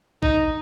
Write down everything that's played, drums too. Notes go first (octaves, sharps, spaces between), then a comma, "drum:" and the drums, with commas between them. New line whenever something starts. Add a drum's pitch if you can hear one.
D#4, drum: kick A1